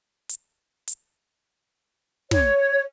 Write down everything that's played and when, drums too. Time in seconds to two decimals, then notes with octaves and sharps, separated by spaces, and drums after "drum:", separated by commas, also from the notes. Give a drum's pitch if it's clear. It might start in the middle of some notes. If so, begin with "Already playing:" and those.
0.29 drum: hi-hat
0.88 drum: hi-hat
2.31 C#5, drum: snare